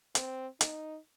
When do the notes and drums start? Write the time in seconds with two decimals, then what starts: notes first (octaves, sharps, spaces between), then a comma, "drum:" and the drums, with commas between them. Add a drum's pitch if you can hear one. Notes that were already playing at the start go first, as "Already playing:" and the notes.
0.15 C4, drum: hi-hat
0.61 D#4, drum: hi-hat